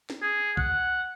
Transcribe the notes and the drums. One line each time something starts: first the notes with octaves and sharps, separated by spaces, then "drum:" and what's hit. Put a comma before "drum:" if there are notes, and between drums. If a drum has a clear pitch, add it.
drum: snare
G#4
F#5, drum: kick